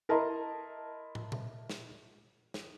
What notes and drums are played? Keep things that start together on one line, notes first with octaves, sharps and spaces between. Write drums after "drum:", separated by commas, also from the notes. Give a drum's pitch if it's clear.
E4 A#4 D#5 A5 A#5 C6
drum: tom
drum: tom A#2
drum: snare
drum: snare